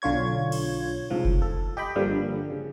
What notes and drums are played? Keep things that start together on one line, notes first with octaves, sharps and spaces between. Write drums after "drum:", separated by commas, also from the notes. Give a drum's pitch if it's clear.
B1 D3 F4 C#5 G#6
drum: cymbal
C2 F2 G#2 F3
drum: kick F#1
A4
G4 D#5 G5 B5
G2 D3 F3 G3 A#3
C#3